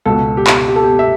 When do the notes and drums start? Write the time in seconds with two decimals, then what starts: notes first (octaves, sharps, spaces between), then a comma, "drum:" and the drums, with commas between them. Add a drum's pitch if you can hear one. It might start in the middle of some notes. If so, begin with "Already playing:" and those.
0.05 C#2 B2 A4
0.37 G4
0.47 drum: clap
0.68 G4
0.76 A4
0.83 G4
0.99 E5